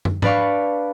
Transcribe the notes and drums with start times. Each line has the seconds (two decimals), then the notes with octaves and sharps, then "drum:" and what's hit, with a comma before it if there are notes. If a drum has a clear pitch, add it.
0.05 drum: tom
0.22 D4 B4 D5 F5 C#6, drum: tom G#2